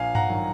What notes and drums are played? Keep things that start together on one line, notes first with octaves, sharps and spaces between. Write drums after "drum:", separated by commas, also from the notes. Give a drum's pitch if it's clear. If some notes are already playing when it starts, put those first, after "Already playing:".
Already playing: A#1 F5 G#5
F#5 A#5, drum: tom G2
D#3 F#3